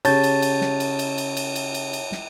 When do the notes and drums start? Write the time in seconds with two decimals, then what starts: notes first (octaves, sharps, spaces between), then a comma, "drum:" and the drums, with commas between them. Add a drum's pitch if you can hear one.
0.05 C#3 G4 C#5 A5 G6 A6, drum: cymbal
0.24 drum: cymbal
0.42 drum: cymbal
0.61 drum: snare
0.80 drum: cymbal
0.99 drum: cymbal
1.18 drum: cymbal
1.37 drum: cymbal
1.56 drum: cymbal
1.74 drum: cymbal
1.93 drum: cymbal
2.12 drum: snare